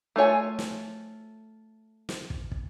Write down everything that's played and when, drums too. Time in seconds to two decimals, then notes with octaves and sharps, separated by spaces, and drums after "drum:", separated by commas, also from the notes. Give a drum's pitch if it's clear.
0.16 A3 F4 C#5 G#5
0.59 drum: snare
2.09 drum: snare
2.30 drum: kick
2.52 drum: kick